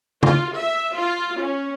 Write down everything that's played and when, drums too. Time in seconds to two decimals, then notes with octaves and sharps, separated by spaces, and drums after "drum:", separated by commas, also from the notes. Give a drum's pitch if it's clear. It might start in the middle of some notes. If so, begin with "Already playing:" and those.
0.23 F4, drum: tom
0.55 E5
0.95 F4
1.39 C#4